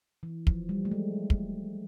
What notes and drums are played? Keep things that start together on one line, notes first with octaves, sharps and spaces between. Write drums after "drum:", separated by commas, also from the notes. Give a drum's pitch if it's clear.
E3
F3, drum: kick
G3
A3
G#3
drum: kick